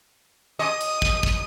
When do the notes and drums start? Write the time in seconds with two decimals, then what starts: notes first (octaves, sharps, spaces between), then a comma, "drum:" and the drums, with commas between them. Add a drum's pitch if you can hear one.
0.59 D#5 D#6
0.81 drum: hi-hat
1.02 drum: kick
1.23 drum: kick